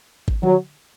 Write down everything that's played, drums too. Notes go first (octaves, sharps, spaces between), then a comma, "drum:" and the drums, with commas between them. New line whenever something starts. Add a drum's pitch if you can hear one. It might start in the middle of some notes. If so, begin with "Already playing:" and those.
drum: kick G#1
F#3, drum: tom D3